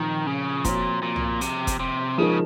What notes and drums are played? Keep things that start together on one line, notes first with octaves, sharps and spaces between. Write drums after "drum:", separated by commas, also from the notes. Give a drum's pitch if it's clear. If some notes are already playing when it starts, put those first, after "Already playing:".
Already playing: A#2 D#3 F3 C4
C#3
A#2 F3 C4 F#4 C#5, drum: kick, hi-hat
A#2
drum: tom
C3, drum: hi-hat
drum: kick, hi-hat
C3
C#3 F3 G#3 D#4 A#4